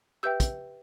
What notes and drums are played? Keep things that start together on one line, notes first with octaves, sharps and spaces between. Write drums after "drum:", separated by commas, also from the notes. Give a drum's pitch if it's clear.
G4 B4 E5 G5 E6 G6
drum: kick, hi-hat